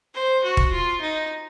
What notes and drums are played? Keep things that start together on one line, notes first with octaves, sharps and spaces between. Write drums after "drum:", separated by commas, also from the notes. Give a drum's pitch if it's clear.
C5
F#4
drum: kick
F4
D#4